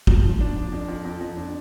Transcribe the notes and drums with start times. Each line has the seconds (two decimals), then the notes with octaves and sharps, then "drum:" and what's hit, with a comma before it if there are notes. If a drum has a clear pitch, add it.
0.07 F3, drum: kick
0.23 F3
0.40 D4
0.56 D4
0.72 F2
0.88 F2
1.05 F2
1.21 F2
1.37 D4